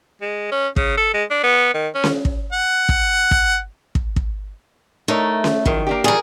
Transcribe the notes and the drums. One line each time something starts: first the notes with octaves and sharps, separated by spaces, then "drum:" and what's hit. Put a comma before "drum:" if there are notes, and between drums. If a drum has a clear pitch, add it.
G#3
C#4
C#3, drum: kick
A4
G#3
D4
B3
D#3
C#4
drum: snare C#4
drum: kick
F#5
drum: kick
drum: kick
drum: kick
drum: kick
A3 D#4 A#4 C#5
drum: snare C#4
D#3 F3 F#3 G#4, drum: kick
A#3 D4 G4
E3 F#3 G3 G#4 A#4